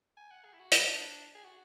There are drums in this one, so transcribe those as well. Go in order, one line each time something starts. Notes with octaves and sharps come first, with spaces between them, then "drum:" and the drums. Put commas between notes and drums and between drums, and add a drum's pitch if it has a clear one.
G#5
F#5
G#4
E4
F#4
drum: hi-hat
D4
G#4
F#4